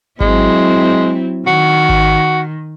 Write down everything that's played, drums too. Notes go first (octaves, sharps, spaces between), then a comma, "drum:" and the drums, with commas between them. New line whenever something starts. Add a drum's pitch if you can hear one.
F#3 G#3 C4 E4, drum: kick G#1
D#3 F#4
drum: kick G#1